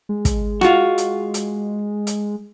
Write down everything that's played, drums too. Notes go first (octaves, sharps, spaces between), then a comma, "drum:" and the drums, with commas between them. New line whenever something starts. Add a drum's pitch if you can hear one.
G#3
drum: kick, hi-hat
F4 F#4, drum: rim click
drum: hi-hat
drum: hi-hat
drum: hi-hat